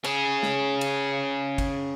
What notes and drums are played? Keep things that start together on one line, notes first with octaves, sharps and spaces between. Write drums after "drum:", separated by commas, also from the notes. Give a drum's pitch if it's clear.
C#4 G#4, drum: cymbal
drum: snare
drum: cymbal
drum: kick, cymbal